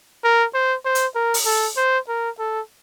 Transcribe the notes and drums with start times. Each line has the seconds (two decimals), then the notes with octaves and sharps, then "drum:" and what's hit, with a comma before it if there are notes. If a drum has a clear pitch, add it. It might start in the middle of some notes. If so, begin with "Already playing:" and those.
0.24 A#4
0.54 C5
0.85 C5
0.95 drum: hi-hat
1.15 A#4
1.34 drum: open hi-hat
1.46 A4
1.77 C5
2.08 A#4
2.39 A4